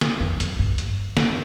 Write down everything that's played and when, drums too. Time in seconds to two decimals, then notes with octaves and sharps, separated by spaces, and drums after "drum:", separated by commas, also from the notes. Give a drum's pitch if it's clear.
0.01 drum: snare
0.20 F2
0.40 F#2, drum: hi-hat
0.59 G2
0.78 drum: hi-hat
1.17 drum: snare